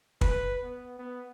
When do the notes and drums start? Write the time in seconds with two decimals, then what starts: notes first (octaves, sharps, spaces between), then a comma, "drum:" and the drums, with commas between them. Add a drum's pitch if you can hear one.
0.21 B4, drum: kick
0.64 B3
0.99 B3